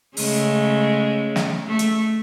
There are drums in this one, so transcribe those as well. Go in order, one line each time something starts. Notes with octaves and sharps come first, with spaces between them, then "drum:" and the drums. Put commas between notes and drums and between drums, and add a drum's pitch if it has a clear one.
C#3 G#3 A3, drum: open hi-hat
drum: snare
A3
drum: hi-hat